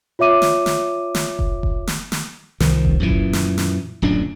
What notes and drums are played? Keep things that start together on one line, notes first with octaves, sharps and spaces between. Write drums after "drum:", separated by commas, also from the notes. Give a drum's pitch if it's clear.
F4 C#5 E5 D6 D#7
drum: snare
drum: snare
drum: snare
drum: kick F1
drum: kick F1
drum: snare
drum: snare
C2 D#3 F3, drum: snare
drum: kick F1
F#2 A#2 E3
drum: kick F1
drum: snare
drum: snare
D1 F#2 A#2 D4